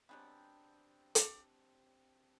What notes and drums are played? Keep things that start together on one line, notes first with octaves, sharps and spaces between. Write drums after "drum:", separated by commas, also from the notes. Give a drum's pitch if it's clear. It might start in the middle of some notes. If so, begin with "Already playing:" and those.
F#3 G#3 B3 C4 D4 G4
drum: hi-hat